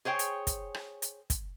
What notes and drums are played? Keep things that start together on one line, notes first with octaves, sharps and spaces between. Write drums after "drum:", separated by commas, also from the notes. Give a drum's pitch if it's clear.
G#4 C5 C#5 G5
drum: hi-hat
drum: kick, hi-hat
drum: rim click
drum: hi-hat
drum: kick, hi-hat